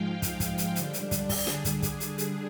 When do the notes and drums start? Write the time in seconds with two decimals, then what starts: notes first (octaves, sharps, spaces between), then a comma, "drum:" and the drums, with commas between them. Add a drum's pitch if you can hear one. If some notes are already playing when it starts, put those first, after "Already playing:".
Already playing: G#2 F3 G#3 F5 G5
0.22 drum: kick, hi-hat
0.40 drum: kick, hi-hat
0.58 drum: hi-hat
0.76 D3 G3 D4, drum: hi-hat
0.93 drum: hi-hat
1.11 drum: kick, hi-hat
1.29 G#4, drum: kick, open hi-hat
1.47 drum: snare
1.65 drum: kick, hi-hat
1.82 drum: kick, hi-hat
2.00 drum: hi-hat
2.18 drum: hi-hat